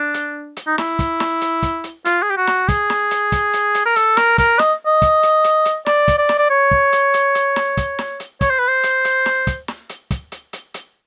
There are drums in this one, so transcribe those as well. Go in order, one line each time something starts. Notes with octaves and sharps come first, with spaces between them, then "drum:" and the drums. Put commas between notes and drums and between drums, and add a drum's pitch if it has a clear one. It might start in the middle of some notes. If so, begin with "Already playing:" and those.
Already playing: D4
drum: hi-hat
drum: hi-hat
D#4
E4, drum: snare
drum: kick, hi-hat
drum: snare
drum: hi-hat
drum: kick, hi-hat
drum: hi-hat
F4, drum: hi-hat
G#4
G4
F#4
drum: snare
G#4, drum: kick, hi-hat
drum: snare
drum: hi-hat
drum: kick, hi-hat
drum: hi-hat
drum: hi-hat
A#4
A4, drum: hi-hat
A#4, drum: snare
A#4, drum: kick, hi-hat
D#5, drum: snare
D#5
drum: kick, hi-hat
drum: hi-hat
drum: hi-hat
drum: hi-hat
D5, drum: snare
drum: kick, hi-hat
D5
drum: snare
D5
C#5
drum: kick
drum: hi-hat
drum: hi-hat
drum: hi-hat
drum: snare
drum: kick, hi-hat
drum: snare
drum: hi-hat
C#5, drum: kick, hi-hat
C5
B4
C5
drum: hi-hat
drum: hi-hat
drum: snare
drum: kick, hi-hat
drum: snare
drum: hi-hat
drum: kick, hi-hat
drum: hi-hat
drum: hi-hat
drum: hi-hat